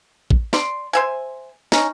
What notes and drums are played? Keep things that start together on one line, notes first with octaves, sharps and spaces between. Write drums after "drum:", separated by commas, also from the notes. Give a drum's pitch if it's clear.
drum: kick
D5 C6, drum: snare
C5 E5 G#5
C#4 D#4, drum: snare